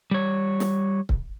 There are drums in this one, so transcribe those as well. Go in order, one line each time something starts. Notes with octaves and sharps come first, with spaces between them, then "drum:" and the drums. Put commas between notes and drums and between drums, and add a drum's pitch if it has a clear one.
G3 C#5
drum: snare
drum: kick C#1